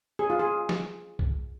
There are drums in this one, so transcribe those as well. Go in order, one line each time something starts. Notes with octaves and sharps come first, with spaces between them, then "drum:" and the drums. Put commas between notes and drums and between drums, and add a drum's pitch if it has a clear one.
G#4
F4
G#4
drum: snare
drum: kick B1